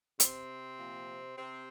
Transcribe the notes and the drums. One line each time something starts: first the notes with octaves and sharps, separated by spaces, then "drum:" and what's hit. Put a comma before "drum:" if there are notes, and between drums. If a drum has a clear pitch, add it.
C3 C4, drum: hi-hat
A#2 F3
C3 C4